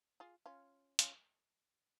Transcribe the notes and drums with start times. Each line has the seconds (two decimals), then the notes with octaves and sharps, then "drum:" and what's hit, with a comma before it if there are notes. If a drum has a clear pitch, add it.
0.20 F4 G#4
0.46 C#4 F4
0.99 C#4 F4, drum: hi-hat